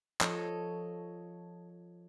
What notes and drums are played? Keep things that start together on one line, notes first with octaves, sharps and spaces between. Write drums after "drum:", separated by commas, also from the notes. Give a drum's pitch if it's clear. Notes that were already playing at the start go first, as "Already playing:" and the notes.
F3 A4 C#5 D#5, drum: clap